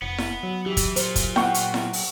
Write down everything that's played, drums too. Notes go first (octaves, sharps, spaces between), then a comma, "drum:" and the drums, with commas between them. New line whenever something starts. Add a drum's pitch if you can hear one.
F1 B3
drum: snare E4
F#3
E3 G4
drum: kick, hi-hat
A#2 F4 C5, drum: hi-hat
drum: kick, hi-hat
A#3 F#5 G5 C#6, drum: snare E4
drum: hi-hat
drum: snare E4
drum: open hi-hat